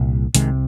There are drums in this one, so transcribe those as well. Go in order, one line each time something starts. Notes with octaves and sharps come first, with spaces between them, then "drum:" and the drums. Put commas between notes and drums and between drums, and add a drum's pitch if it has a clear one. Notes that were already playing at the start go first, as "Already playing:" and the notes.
Already playing: C2 A#2
C2 C3 D#3 G#3, drum: hi-hat